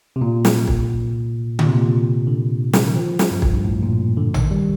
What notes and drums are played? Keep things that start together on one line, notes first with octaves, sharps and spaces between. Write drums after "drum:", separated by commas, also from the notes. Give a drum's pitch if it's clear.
C3
A#2
drum: snare
drum: kick
A#2, drum: tom D3
C3
A#2
D3
drum: snare
D#3
F3
drum: snare
G2
drum: kick
G2
A2
A#2
D3
D#3, drum: tom A1
G3